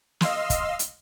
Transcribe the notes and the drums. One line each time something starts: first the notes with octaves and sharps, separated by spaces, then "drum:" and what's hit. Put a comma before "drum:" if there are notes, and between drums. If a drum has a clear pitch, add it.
D#5 F5 C6 E6, drum: snare
drum: kick, hi-hat
drum: hi-hat